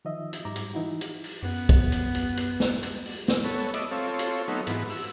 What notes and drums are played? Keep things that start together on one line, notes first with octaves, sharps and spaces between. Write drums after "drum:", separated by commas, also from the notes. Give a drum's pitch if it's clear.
D#3 F3 D#5 E5
drum: hi-hat
G#2 G3 A#5 D6
drum: hi-hat
E3 D#4 E4 F#4
drum: hi-hat
drum: open hi-hat
F#2 B3
drum: kick, hi-hat
drum: hi-hat
drum: hi-hat
drum: hi-hat
drum: snare
drum: hi-hat
drum: open hi-hat
drum: snare
B3 A4 C#5
D#5 E5 D6, drum: hi-hat
C4 F4 A4 C#5
drum: hi-hat
F#3 A3 B3 D#4
G#2 E3 B3, drum: hi-hat
E6, drum: open hi-hat